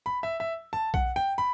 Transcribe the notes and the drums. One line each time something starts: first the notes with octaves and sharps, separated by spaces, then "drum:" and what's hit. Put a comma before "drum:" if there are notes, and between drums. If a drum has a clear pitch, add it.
B5
E5
E5
A5
F#5, drum: kick B1
G5
B5